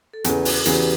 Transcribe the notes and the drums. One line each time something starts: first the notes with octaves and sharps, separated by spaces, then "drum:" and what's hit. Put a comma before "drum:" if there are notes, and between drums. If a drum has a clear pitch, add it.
A4
E2 C#3 E3 G#4, drum: hi-hat
F#4, drum: open hi-hat
E2 C#3 E3 G4, drum: hi-hat